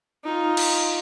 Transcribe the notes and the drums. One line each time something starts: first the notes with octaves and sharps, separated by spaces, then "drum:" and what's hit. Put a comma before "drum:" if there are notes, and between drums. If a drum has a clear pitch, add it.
D#4 F4
drum: cymbal